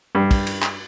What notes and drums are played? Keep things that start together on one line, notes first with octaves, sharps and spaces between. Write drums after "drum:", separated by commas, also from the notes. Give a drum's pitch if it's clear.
G2
drum: kick, cymbal
drum: cymbal
drum: clap